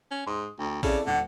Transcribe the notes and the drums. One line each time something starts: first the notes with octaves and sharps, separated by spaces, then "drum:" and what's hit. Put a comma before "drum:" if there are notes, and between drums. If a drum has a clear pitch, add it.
C#4
G#2 C6 D#6
D2 G5
C#3 C4 E4 A4 D5, drum: kick, open hi-hat
D#1 D3 F#5